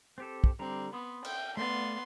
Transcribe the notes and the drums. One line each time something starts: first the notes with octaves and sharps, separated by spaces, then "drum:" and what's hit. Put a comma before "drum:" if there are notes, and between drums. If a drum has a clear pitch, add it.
C4 G4 A4
drum: kick
D3 G3 C4 A#5
B3 B5 C6 D#6
G5, drum: cymbal
A3 B3 D5 F5 C6